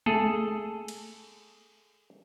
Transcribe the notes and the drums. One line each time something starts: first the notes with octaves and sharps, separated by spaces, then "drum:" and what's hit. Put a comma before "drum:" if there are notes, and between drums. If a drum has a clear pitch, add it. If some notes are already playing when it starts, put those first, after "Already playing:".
G#4 A4, drum: tom G#3
drum: cymbal